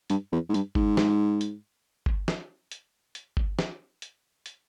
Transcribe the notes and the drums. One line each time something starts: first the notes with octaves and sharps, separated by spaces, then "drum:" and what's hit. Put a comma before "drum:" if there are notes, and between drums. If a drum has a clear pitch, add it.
G2, drum: hi-hat
E2
G#2
G2, drum: hi-hat
G#2, drum: kick G1
drum: snare
drum: hi-hat
drum: kick G1
drum: snare
drum: hi-hat
drum: hi-hat
drum: kick G1
drum: snare
drum: hi-hat
drum: hi-hat